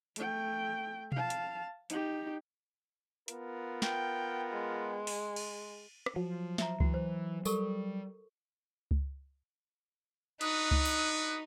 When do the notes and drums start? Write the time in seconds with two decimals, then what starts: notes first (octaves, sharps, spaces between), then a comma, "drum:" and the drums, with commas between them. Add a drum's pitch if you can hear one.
0.16 A3 G5, drum: hi-hat
1.12 F5 A5, drum: tom B2
1.30 drum: hi-hat
1.90 D#4 G4, drum: hi-hat
3.28 B3 F4 A#4, drum: hi-hat
3.82 G5, drum: snare
4.51 G#3
5.07 drum: open hi-hat
5.36 drum: cymbal
6.06 drum: rim click
6.16 F3 F#3
6.58 E5 A#5, drum: snare
6.80 E3 F#4, drum: kick C#2
6.94 C5
7.45 G3 A4 A#4 C#6, drum: tambourine
8.91 drum: kick C#2
10.41 D4 D#4 F#4 B4 D#6, drum: hi-hat
10.71 drum: kick C#2
10.85 drum: tambourine